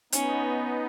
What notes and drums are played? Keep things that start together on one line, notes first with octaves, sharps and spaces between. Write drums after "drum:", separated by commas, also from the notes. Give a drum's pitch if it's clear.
B3 C#4 D#4, drum: hi-hat